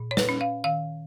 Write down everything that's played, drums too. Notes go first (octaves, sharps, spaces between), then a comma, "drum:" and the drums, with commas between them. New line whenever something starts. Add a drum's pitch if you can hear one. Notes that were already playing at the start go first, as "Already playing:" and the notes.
Already playing: A#2
C#5
B4, drum: snare
C#4
F5
D#3 F5